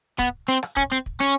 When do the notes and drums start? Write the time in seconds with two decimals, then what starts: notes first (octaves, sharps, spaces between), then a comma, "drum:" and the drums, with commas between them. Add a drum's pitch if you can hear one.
0.19 B3, drum: kick
0.48 C4
0.63 drum: rim click
0.77 C#4, drum: kick
0.92 C4
1.06 drum: kick
1.20 C#4